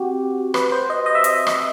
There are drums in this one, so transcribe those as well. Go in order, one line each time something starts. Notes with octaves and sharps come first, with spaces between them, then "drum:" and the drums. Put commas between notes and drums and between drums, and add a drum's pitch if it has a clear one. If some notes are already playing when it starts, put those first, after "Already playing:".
Already playing: C4 F#4 G4
B4, drum: rim click
C5
D#5
D#5
E5
D#5, drum: hi-hat
drum: rim click